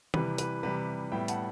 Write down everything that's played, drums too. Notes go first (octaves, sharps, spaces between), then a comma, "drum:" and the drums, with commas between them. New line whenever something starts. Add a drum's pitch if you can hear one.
C3 E3 G3 B4, drum: tom
B4, drum: hi-hat
C3 E3 G3 B4
A2 G3 B3 E5 G5
F#5 A5, drum: hi-hat